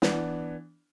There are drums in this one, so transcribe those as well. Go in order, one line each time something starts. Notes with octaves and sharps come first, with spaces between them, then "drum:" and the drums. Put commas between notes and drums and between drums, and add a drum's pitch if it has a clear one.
E3 B3 D4, drum: snare